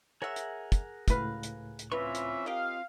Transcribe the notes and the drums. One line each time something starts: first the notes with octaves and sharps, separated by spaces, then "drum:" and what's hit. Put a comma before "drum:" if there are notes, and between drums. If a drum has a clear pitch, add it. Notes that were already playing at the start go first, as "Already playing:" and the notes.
G#4 A#4 C#5 E5 F#5
drum: hi-hat
drum: kick, hi-hat
C#2 A2 F#4 B4 F5 F#6, drum: kick, hi-hat
drum: hi-hat
drum: hi-hat
E3 C4 C#4 F4 B4 E5 C#6
drum: hi-hat
G4 A#4 D#5 F5